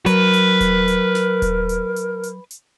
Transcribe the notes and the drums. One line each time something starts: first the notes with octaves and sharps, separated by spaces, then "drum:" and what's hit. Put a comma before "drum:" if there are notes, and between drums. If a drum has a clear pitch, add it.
F#3 A#4 B4, drum: hi-hat
drum: hi-hat
drum: kick D#1, hi-hat
drum: hi-hat
drum: snare
drum: kick D#1, hi-hat
drum: hi-hat
drum: hi-hat
drum: hi-hat
drum: hi-hat